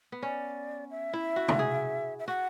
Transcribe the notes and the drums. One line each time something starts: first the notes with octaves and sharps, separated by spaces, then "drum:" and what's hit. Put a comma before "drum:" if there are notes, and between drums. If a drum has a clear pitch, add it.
B3
C#4 D5
E5
E4
F#4
drum: tom
G#4
E5
F#4 F#5